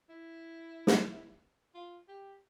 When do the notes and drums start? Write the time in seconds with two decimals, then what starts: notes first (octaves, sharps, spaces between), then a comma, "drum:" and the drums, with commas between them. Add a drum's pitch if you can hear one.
0.10 E4
0.87 drum: snare
1.75 F4
2.09 G4